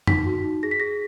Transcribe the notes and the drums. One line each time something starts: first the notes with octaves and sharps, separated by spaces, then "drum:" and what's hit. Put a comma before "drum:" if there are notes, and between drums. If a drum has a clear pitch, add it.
D#4 B6, drum: tom F2
F#4
D#4
G#4 A#6
B6
G#4 A#6